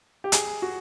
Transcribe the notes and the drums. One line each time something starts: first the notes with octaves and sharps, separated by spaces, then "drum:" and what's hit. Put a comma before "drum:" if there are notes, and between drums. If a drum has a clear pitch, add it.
G4
G#4, drum: hi-hat
F#4